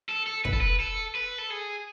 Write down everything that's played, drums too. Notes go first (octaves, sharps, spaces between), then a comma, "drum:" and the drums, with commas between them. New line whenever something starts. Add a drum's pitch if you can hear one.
A4
A4
B4, drum: kick
A4
B4
A4
B4
A4
G#4